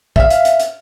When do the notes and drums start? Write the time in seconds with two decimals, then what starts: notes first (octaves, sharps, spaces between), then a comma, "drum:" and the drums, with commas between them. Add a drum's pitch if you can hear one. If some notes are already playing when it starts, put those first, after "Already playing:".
0.16 E5 F5, drum: kick
0.30 drum: hi-hat
0.45 drum: hi-hat
0.60 drum: hi-hat